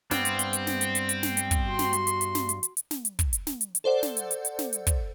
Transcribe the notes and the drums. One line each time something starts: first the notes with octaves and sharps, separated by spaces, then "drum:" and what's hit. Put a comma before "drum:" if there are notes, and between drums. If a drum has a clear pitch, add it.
G2 G3 B3 C4, drum: snare
drum: hi-hat
drum: hi-hat
drum: hi-hat
drum: snare
drum: hi-hat
drum: hi-hat
drum: hi-hat
drum: snare
drum: hi-hat
drum: kick, hi-hat
F#4 C6
drum: snare
drum: hi-hat
drum: hi-hat
drum: hi-hat
drum: snare
drum: hi-hat
drum: hi-hat
drum: hi-hat
drum: snare
drum: hi-hat
drum: kick, hi-hat
drum: hi-hat
drum: snare
drum: hi-hat
drum: hi-hat
A4 C5 D5 F#5
drum: snare
drum: hi-hat
drum: hi-hat
drum: hi-hat
drum: snare
drum: hi-hat
drum: kick, hi-hat